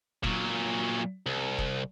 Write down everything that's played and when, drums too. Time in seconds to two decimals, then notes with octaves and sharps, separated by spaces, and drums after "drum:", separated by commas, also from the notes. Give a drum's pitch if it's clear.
0.24 A#2 F#3, drum: kick
1.26 C2
1.58 drum: kick